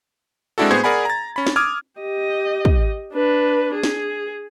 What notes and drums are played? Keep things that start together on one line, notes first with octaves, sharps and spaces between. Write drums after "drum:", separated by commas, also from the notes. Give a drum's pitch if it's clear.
G#3 C4 D4 E4 F#4 A4
A2 B3 G#4 C5 G#6
G#4 A#4 D5 F#5 G#5 B5
A#5 A6
C#4 B5
drum: snare
D6 D#6 F6 G#6
G4 D#5
drum: kick
D4 B4
G#4
drum: snare